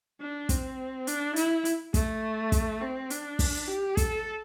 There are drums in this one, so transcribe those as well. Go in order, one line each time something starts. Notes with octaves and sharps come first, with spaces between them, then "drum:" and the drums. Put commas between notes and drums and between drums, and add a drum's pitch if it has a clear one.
D4
C4, drum: kick, hi-hat
D4, drum: hi-hat
E4, drum: hi-hat
drum: hi-hat
A3, drum: kick, hi-hat
drum: kick, hi-hat
C4
D4, drum: hi-hat
drum: kick, open hi-hat
G4
A4, drum: kick, hi-hat